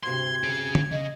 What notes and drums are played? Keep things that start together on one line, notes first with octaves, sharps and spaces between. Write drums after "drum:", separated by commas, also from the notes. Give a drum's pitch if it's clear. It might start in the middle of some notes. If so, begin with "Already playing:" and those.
D2 G2 C3 C6 G#6
C#4 G#4
drum: tom
C#3 D#5